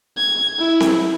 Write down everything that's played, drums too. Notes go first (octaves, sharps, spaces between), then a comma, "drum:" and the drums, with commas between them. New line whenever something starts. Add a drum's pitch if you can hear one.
G#6
E4
drum: snare C4